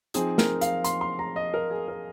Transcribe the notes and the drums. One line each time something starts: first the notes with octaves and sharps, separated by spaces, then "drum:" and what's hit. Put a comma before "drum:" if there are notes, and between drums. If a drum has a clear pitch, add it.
F3 C4 D#4 G#4, drum: hi-hat
A#4, drum: snare
F5, drum: hi-hat
C6, drum: hi-hat
C6
A#5
D#5
A#4
G#4
A#4